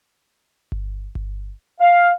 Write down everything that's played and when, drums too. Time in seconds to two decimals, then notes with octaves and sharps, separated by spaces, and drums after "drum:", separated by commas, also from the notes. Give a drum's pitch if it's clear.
0.72 drum: kick G1
1.15 drum: kick G1
1.80 F5